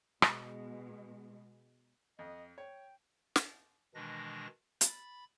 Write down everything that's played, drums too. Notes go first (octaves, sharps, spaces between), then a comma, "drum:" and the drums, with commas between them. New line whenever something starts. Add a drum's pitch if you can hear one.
B2 G#3, drum: rim click
F2 D#5
C#5 G5
drum: snare
B2 D#3 E3 G#3 D4 A#6
B5 A6, drum: hi-hat